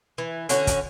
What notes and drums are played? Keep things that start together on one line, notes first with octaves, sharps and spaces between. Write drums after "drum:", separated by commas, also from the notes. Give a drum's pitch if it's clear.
E3
D3 C#4 F#4, drum: hi-hat
drum: kick, hi-hat